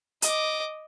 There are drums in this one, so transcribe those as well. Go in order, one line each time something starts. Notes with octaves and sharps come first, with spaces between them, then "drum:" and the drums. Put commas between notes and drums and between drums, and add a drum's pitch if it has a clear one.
D#5 D6, drum: hi-hat